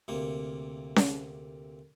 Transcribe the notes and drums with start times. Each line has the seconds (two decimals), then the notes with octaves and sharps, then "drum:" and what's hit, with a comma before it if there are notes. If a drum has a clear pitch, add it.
0.08 D2 C3 A#3
0.96 drum: snare C#4